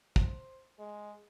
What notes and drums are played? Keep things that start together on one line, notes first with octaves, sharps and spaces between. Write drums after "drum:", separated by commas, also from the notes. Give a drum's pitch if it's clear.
C5, drum: kick
G#3